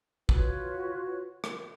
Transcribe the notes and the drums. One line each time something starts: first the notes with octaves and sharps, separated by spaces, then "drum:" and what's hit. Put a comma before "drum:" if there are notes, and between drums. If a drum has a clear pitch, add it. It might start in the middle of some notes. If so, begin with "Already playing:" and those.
F4 F#4 B4 C#5, drum: kick
drum: rim click